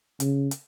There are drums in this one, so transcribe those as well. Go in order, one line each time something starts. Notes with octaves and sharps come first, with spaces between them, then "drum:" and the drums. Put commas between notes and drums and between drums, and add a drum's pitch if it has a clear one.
C#3, drum: hi-hat
drum: hi-hat